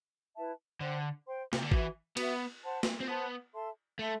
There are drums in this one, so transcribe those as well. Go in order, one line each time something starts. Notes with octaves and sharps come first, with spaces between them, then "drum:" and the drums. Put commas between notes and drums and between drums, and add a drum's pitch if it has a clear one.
E4 B4 E5 A5
D3 C5 G5 C6
C5 G5 C6
C3, drum: snare
D3
E3 F#4 B4 E5, drum: kick G#1
B3 F#4 B4 E5, drum: cymbal
C5 F#5 A5 C6
drum: snare
C4
B3 C5 F#5 A5 C6
A4 E5 A5 C6
A3 A4 E5 A5 C6